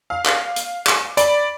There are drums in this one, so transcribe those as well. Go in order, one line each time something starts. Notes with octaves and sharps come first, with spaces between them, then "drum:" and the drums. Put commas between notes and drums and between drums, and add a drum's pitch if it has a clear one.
F5
drum: clap
drum: hi-hat
drum: clap
D5 B5, drum: hi-hat